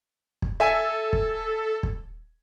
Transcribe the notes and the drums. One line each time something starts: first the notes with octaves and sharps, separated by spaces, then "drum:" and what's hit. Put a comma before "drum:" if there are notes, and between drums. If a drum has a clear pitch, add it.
drum: kick
A4 E5 G#5
drum: kick
drum: kick